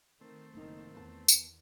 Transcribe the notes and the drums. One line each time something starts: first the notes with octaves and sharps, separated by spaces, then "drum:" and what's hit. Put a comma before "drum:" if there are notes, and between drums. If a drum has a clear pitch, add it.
D#3 A3 C4
F#1 D#3 A#3 D#4
E2 B3 A5
drum: tambourine